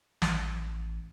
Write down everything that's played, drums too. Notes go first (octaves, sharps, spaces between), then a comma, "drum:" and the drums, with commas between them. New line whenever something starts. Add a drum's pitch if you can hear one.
A1, drum: snare